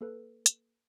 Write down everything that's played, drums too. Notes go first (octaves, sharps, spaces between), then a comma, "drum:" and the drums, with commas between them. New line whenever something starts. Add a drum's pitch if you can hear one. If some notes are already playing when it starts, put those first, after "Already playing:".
A#3 A4 B4
drum: hi-hat